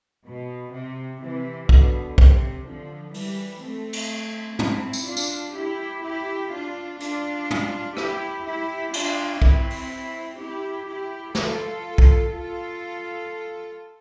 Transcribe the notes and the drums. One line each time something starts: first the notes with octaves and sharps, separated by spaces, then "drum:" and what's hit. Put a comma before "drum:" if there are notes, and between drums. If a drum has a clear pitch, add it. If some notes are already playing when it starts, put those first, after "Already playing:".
B2
C3
C3 E3
B2 D3, drum: kick
C3, drum: kick
D3 F3
E3 G3, drum: open hi-hat
A3 C4
drum: cymbal
C4 E4, drum: tom
drum: tambourine
D4 F4
drum: tambourine
E4 G4
E4 G4
D4 F4
D4 F4, drum: hi-hat
drum: tom
E4 G4, drum: rim click
E4 G4
D4 F4, drum: cymbal
C4 E4, drum: kick
drum: open hi-hat
E4 G4
E4 G4
F4 A4, drum: snare
drum: kick
F4 A4